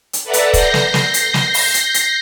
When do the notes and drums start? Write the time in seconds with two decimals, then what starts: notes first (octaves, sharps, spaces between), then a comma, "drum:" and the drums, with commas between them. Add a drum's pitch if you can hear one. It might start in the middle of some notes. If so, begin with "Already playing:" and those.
0.13 drum: hi-hat
0.24 A4 B4 D5 E5 F#5 A#5
0.33 drum: hi-hat
0.54 G6 A#6 C7, drum: kick, hi-hat
0.74 drum: snare
0.94 drum: snare
1.14 drum: hi-hat
1.34 drum: snare
1.54 drum: open hi-hat
1.74 drum: hi-hat
1.94 drum: hi-hat